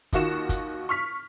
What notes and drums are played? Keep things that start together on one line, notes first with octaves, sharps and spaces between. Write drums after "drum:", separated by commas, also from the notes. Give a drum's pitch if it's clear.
D#2 D#3 F4 F#4 E7, drum: kick, hi-hat
drum: kick, hi-hat
C#6 F6 B6